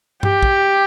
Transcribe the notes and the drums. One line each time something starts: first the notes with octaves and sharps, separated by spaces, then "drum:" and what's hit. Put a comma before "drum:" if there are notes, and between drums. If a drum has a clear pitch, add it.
G4, drum: tom G2
drum: kick